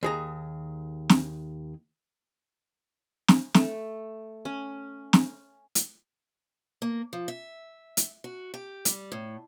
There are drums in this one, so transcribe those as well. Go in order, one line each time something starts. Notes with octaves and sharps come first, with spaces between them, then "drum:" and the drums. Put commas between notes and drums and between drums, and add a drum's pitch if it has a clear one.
D#2 G#4 A#5
drum: snare
drum: snare
A3, drum: snare
C#4
drum: snare
drum: hi-hat
A#3
F3
E5
drum: hi-hat
F#4
G4
G3, drum: hi-hat
A2